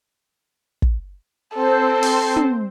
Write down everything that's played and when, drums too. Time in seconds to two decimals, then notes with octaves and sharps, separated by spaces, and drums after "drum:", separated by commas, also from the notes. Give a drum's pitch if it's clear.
0.82 drum: kick
1.55 C4 A4 C5
2.03 drum: open hi-hat
2.36 drum: tom